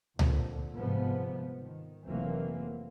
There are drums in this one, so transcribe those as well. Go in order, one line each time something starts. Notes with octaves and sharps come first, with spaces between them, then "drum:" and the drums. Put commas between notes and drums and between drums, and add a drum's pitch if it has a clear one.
F2 A#2 D3, drum: tom C#2
G1 G#2 C3 F3 B3
D#3
F1 E3 F#3 A#3 C4